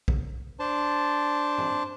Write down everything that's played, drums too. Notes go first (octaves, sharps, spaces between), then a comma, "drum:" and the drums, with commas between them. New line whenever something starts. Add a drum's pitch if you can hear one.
drum: kick A#1
D4 C5 A5
drum: tom G2